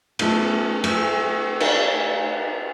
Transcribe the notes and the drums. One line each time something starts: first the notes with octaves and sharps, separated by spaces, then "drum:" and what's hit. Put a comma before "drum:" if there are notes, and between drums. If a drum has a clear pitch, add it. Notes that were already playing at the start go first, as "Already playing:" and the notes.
A3 B3 C#4 F4, drum: cymbal
A3, drum: cymbal
drum: cymbal